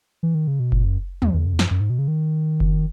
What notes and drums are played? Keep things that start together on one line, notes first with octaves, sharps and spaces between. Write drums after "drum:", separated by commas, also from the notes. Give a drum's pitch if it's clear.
E3
D#3
C#3
B2
A#2, drum: kick F#1
F#2
E2, drum: tom
E2
F#2
E2
F#2, drum: snare
F#2
G#2
B2
C#3
D#3
drum: kick F#1